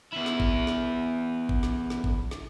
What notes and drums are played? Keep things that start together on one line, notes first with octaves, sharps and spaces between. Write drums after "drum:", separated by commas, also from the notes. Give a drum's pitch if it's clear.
E2 E4
drum: snare
drum: kick
drum: snare
drum: kick
drum: snare
drum: snare
drum: kick
drum: snare